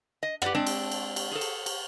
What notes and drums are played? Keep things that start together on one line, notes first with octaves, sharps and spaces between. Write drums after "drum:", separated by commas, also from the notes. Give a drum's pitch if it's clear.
D#5
G4 B4 C#5 D5 F#5, drum: rim click
G#3 C4 D4
drum: cymbal
drum: cymbal
drum: cymbal
G#4 A4
drum: cymbal
drum: cymbal